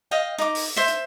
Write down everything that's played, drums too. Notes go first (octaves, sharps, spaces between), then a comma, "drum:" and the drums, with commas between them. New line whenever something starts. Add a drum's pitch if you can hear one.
D#5 F5 G5
D#4 D6
drum: open hi-hat
C5 E5
drum: hi-hat